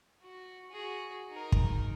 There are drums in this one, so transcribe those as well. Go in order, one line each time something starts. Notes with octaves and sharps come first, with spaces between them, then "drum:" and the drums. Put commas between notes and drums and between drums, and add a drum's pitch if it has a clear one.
F#4
F#4 G#4
D#4 A#4
drum: kick